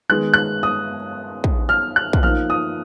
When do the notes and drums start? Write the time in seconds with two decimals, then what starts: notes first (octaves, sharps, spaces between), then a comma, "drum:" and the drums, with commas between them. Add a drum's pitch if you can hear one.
0.09 D#3 G#3 B3 D#4 F#6
0.34 F#6
0.63 D#6
1.44 drum: kick
1.69 F6
1.96 F#6
2.13 drum: kick
2.23 F3 A#3 D#4 F6
2.50 D#6